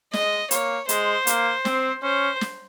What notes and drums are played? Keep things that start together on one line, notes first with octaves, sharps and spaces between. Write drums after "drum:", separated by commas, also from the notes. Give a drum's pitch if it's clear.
G#3 D#5, drum: snare
A#3 C#5, drum: hi-hat
G#3 C5, drum: hi-hat
A#3, drum: hi-hat
C4, drum: snare
C#4 C5
drum: snare